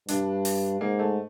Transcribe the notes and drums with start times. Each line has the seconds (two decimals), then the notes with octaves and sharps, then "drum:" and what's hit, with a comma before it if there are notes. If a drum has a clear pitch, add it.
0.08 G2 D4, drum: hi-hat
0.45 drum: open hi-hat
0.81 G#2 A#3
0.99 A3